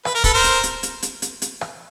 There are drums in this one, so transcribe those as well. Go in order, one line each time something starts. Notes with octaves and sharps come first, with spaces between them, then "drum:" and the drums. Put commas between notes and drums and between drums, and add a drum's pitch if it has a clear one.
B4, drum: rim click
A#4
A4 B4, drum: kick, hi-hat
A#4 C5
drum: hi-hat
drum: hi-hat
drum: hi-hat
drum: hi-hat
drum: hi-hat
drum: hi-hat
drum: rim click